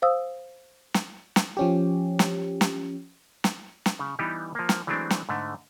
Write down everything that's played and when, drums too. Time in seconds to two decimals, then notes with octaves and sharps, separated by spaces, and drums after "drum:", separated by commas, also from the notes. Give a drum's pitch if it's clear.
0.02 C5 F5 D#6 E6
0.94 drum: snare
1.36 drum: snare
1.57 F3 C#4 G4
2.19 drum: snare
2.61 drum: snare
3.44 drum: snare
3.86 drum: snare
3.99 C#3
4.19 E3 G3 B3 D#4 G4
4.55 F3 A#3
4.69 drum: snare
4.87 E3 F#3 G#3 A3 C4 D4
5.10 drum: snare
5.29 G#2 D3 A3